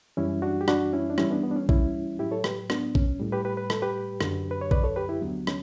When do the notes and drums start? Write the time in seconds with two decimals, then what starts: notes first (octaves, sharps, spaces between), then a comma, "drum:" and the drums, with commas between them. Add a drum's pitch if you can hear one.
0.17 F#2 E3 G3 C#4 E4
0.42 D4 F#4
0.61 G4
0.68 D4 F#4, drum: rim click
0.93 C#4 E4
1.10 D4
1.18 G2 E3 G3 C#4 E4, drum: rim click
1.30 B3 D4
1.44 B3
1.51 D4
1.56 C#4
1.69 C#4 E4, drum: kick
2.19 A2 F#3 E4 G4
2.31 A4 C#5
2.44 G4 B4, drum: rim click
2.70 B3 D4, drum: rim click
2.95 C#4, drum: kick
3.20 A2 G3
3.32 G4 B4
3.45 G4 B4
3.57 B4
3.70 A4, drum: rim click
3.82 G4 B4
4.21 F#2 D3 F#3, drum: rim click
4.51 B4
4.61 C#5
4.71 B4 D5, drum: kick
4.83 A4 C#5
4.96 G4 B4
5.09 E4 G4
5.21 D2 D3 F#3 B3
5.47 C#4, drum: rim click